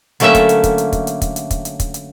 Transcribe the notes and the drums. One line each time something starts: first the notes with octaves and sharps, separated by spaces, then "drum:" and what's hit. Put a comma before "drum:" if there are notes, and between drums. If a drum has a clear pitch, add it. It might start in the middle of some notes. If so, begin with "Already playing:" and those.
D3 F#3 A3 A#3 C#4 E5, drum: hi-hat
drum: kick, hi-hat
drum: hi-hat
drum: kick, hi-hat
drum: hi-hat
drum: kick, hi-hat
drum: hi-hat
drum: kick, hi-hat
drum: hi-hat
drum: kick, hi-hat
drum: hi-hat
drum: kick, hi-hat
drum: hi-hat